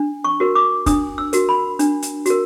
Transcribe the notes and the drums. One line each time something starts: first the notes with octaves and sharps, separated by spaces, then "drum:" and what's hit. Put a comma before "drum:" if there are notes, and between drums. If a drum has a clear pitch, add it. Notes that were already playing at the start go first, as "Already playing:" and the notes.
Already playing: D4
C#6
F#4 A#4
D6
D4 D#6, drum: kick, hi-hat
E6
F#4 A#4, drum: hi-hat
B5
D4, drum: hi-hat
drum: hi-hat
F#4 A#4, drum: hi-hat